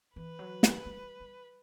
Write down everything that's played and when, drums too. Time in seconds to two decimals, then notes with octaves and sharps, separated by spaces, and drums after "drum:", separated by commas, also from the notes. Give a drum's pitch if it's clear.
0.16 E3 B4
0.39 F#3
0.63 E3, drum: snare
0.86 G3
1.20 G3